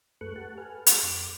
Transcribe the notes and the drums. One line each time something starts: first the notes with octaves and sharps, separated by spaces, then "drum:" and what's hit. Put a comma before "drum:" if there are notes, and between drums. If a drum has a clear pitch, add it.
F#2 A3 A4 B4 C#6 F#6
G4 F#5 A5
A4 B4 G#5 F6
C6, drum: hi-hat
F2 D6